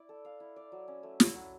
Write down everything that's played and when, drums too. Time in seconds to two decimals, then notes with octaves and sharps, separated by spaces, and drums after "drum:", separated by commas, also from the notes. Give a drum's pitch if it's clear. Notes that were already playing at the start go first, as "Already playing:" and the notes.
Already playing: E4 D5
0.09 A4
0.25 F5
0.40 E4
0.56 D5
0.72 F#3
0.88 C#4
1.03 A3
1.20 E4, drum: snare
1.34 F#3